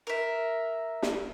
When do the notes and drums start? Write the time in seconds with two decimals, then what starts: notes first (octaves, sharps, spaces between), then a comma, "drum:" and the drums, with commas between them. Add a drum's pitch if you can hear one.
0.07 A#4 E5
1.03 drum: snare